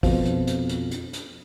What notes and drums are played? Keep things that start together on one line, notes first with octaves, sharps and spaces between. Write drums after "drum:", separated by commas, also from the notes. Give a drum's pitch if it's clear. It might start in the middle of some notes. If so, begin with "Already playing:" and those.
F2 B2 F3, drum: kick, open hi-hat
drum: hi-hat
drum: hi-hat
drum: hi-hat
drum: hi-hat
drum: hi-hat